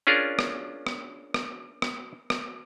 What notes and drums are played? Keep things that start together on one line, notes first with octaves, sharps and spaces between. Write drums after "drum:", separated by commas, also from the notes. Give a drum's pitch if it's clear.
C#4 D4 F4 G#4 A#4
drum: rim click
drum: rim click
drum: rim click
drum: rim click
drum: rim click